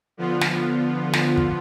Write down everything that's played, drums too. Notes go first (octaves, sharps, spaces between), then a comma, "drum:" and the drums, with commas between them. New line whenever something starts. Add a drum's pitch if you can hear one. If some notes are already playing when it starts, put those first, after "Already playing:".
D3 F3 B3 F4
drum: snare
drum: snare
drum: kick